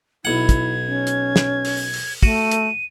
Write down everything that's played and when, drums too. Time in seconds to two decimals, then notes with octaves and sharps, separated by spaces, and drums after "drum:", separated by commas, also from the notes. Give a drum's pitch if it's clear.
0.25 B1 E4 F#5 G#6
0.49 drum: kick, hi-hat
0.86 C#4
1.07 drum: hi-hat
1.36 drum: snare
1.65 drum: open hi-hat
1.94 drum: open hi-hat
2.23 A3 F#4 D#7, drum: kick
2.51 drum: hi-hat